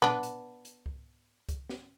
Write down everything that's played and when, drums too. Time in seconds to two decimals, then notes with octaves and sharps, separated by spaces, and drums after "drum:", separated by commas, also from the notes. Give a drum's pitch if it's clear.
0.02 B3 D4, drum: tom A#2
0.23 drum: hi-hat
0.65 drum: hi-hat
0.86 drum: kick C2
1.49 drum: kick C2, hi-hat
1.69 drum: snare